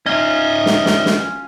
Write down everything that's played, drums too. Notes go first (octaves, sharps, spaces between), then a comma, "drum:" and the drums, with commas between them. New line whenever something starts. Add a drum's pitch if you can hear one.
C#4 D#4 F4 D#5 E5
drum: snare
drum: snare
drum: snare